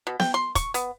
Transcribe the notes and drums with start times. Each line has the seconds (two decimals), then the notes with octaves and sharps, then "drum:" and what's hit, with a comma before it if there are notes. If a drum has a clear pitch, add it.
0.07 B2
0.20 G5, drum: snare B3
0.34 C6
0.55 C#6, drum: kick, hi-hat
0.74 B3, drum: hi-hat